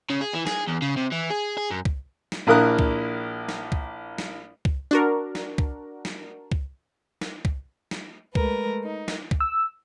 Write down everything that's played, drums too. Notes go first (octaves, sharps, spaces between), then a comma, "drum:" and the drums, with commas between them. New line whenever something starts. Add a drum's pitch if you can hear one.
C#3
G#4
E3
G#4, drum: snare
E2
C#3
C3
E3
G#4
G#4
F#2
drum: kick C#2
drum: snare
A#1 A#3 E4 A#4 D#6 F#6
drum: kick C#2
drum: snare
drum: kick C#2
drum: snare
drum: kick C#2
D4 F#4 A#4
drum: snare
drum: kick C#2
drum: snare
drum: kick C#2
drum: snare
drum: kick C#2
drum: snare
G#3 A3 A#4 B4, drum: kick C#2
D#4
drum: snare
drum: kick C#2
E6